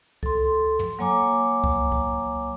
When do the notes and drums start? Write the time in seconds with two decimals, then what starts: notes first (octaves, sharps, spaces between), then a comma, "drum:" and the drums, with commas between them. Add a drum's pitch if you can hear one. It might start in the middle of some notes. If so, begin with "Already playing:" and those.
0.23 A4 C6, drum: kick C#2
0.79 drum: tom
0.99 F#3 A#3 C#5 G#5 A#5 D6
1.64 drum: kick C#2
1.92 drum: kick C#2